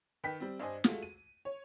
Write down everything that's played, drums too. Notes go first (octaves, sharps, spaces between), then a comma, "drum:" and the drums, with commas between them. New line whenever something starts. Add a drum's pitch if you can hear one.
D#3 B4 G5 B6
G3 C4
G2 D4 C5 D#5 G#5
G#3 A3 F4 F#4, drum: snare
D#7
C#5